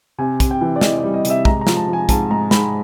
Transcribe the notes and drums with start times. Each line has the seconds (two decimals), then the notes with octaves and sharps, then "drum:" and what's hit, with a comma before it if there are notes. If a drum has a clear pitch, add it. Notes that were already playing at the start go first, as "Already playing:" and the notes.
0.19 C3 G#5
0.40 C3, drum: kick, hi-hat
0.51 G5
0.61 E3
0.76 D5
0.81 E3 D#5, drum: snare
0.98 D5
1.04 G3
1.14 D#5
1.25 C3, drum: hi-hat
1.30 E5
1.45 G#3 A#5, drum: kick
1.61 A#5
1.67 F3, drum: snare
1.77 A5
1.88 F3
1.93 G#5
2.09 G#2 A5, drum: kick, hi-hat
2.30 G#3 A#5
2.51 G#2 B5, drum: snare